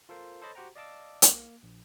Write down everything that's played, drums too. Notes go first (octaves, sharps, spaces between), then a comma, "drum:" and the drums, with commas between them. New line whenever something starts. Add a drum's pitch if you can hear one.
F4 A4 A#4 C5 F5
A4 C5 C#5 D#5 B5 A6
F#4 G4 C5 F#5 G5 A#5
D5 D#5 F5 A5 D6 E6
A#3, drum: hi-hat
A#1